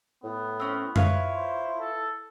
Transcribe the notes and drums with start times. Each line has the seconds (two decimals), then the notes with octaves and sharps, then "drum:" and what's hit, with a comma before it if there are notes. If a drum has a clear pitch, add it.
0.23 A2 B3
0.60 C4 C#4
0.96 E4 F4 B4 C#5, drum: tom F#2
1.36 C5
1.79 A4